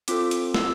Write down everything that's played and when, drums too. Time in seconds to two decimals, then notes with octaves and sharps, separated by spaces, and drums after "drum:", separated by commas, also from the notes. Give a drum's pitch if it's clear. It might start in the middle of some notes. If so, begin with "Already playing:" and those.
0.08 C4 F4 A4 D6, drum: hi-hat
0.31 drum: hi-hat
0.54 E6, drum: snare